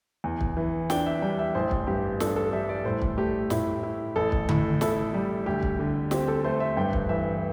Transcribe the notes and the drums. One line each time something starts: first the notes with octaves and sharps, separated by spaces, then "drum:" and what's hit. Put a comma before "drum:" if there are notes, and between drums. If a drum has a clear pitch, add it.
E2
drum: kick
E3
D4 G5, drum: snare
E5
G3 G5
E5
A1 C5
drum: kick
G2 G4
D4 A4, drum: snare
A4
G3 E5
D5
A2 C5
drum: kick
A3 G4
A2 E4, drum: snare
E4
A1 A4
drum: kick
A2, drum: tom D3
E4 A4, drum: snare
G3
D2 G4
drum: kick
D3
C4 G4, drum: snare
A4
A3 C5
E5
G2 G5
drum: kick
E3 E5